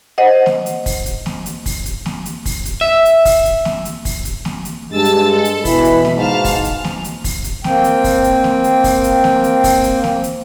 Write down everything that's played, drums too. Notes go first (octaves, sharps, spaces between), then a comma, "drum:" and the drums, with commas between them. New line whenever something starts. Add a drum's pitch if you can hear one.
C5 D#5 F#5
drum: snare
drum: hi-hat
drum: kick, open hi-hat
drum: hi-hat
drum: snare
drum: hi-hat
drum: kick, open hi-hat
drum: hi-hat
drum: snare
drum: hi-hat
drum: kick, open hi-hat
drum: hi-hat
E5
drum: hi-hat
drum: kick, open hi-hat
drum: hi-hat
drum: snare
drum: hi-hat
drum: kick, open hi-hat
drum: hi-hat
drum: snare
drum: hi-hat
G2 G#3 A5 E6 A6
drum: hi-hat
A4
drum: hi-hat
B2 E3 B5, drum: kick, open hi-hat
drum: hi-hat
drum: snare
G#2 F5 A5 F6
drum: kick, open hi-hat
drum: hi-hat
drum: snare
drum: hi-hat
drum: kick, open hi-hat
drum: hi-hat
A#3 C4 G5, drum: snare
drum: hi-hat
drum: kick, open hi-hat
drum: hi-hat
drum: snare
drum: hi-hat
drum: kick, open hi-hat
drum: hi-hat
drum: snare
drum: hi-hat
drum: kick, open hi-hat
drum: hi-hat
drum: snare
drum: hi-hat